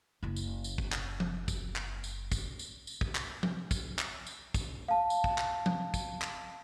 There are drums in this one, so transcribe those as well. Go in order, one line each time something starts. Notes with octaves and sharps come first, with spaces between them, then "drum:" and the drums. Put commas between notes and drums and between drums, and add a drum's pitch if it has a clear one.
F#1 E4
drum: tambourine
drum: tambourine
drum: kick
drum: clap
drum: tom F3
drum: kick, tambourine
drum: clap
drum: tambourine
drum: kick, tambourine
drum: tambourine
drum: tambourine
drum: kick
drum: clap
drum: tom F3
drum: kick, tambourine
drum: clap
drum: tambourine
drum: kick, tambourine
F5 A5
drum: tambourine
drum: kick
drum: clap
drum: tom F3
drum: kick, tambourine
drum: clap